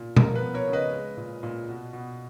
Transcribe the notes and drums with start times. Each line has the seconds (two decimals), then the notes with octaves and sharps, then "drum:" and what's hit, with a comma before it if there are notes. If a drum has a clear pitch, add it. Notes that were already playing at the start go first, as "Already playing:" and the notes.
Already playing: A#2
0.17 F3 A#4, drum: tom B2
0.35 B4
0.41 B3
0.54 A#4 C#5
0.67 C#3
0.73 B4 D#5
0.93 G#3
1.17 A#2
1.43 A#2
1.69 B2
1.93 B2